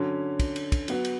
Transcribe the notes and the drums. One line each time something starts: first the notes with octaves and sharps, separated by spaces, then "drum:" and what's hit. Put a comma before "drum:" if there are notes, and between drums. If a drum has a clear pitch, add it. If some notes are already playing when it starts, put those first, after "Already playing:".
Already playing: D3 F#3 C#4
drum: kick, cymbal
drum: cymbal
drum: kick, cymbal
F#3 B3 F#4, drum: cymbal
drum: cymbal